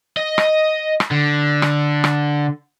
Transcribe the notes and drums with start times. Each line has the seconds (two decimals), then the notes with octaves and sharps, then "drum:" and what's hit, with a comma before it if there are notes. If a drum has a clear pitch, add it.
0.17 D#5
0.38 drum: rim click
1.00 drum: rim click
1.12 D3
1.62 drum: rim click
2.04 drum: rim click